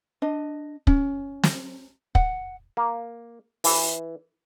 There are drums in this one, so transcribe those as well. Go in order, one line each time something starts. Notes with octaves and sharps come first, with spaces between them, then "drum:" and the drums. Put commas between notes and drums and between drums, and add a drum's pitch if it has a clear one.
D4 D#5
C#4, drum: kick
drum: snare
F#5, drum: kick
A#3
E3, drum: open hi-hat